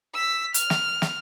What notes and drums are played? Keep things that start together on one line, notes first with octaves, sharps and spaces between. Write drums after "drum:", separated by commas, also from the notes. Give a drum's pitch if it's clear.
E6 B6
F6, drum: hi-hat
drum: snare
drum: snare